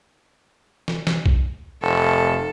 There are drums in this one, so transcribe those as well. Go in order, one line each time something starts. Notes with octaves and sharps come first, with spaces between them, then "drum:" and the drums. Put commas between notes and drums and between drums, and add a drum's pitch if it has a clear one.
drum: snare
drum: snare
drum: kick B1
F1 A4